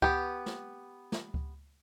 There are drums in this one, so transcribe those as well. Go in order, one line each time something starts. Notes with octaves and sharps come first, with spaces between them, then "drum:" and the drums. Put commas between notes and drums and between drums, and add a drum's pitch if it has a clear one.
B3 G4, drum: kick C#2
drum: snare
drum: snare
drum: kick C#2